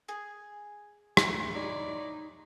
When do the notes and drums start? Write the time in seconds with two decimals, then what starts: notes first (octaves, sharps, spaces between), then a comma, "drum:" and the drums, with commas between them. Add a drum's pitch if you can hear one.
0.09 G#4
1.17 A3, drum: rim click
1.55 D#4 E4 C#5 D5